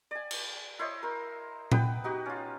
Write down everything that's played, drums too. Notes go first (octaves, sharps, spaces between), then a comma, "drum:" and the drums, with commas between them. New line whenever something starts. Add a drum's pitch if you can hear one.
D5 G#5
drum: cymbal
E4 C5 C#5 D#5
A#4 C5
B3 B4 G5, drum: tom A#2
D#4 F#4 G4
C#4 F4